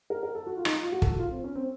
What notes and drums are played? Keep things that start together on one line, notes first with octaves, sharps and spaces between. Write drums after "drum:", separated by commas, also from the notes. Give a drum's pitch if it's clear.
A#4
A#4
A4
F#4
F4
D#4, drum: rim click
F4
F#4
A4, drum: kick
F#4
F4
C4
C#4
C4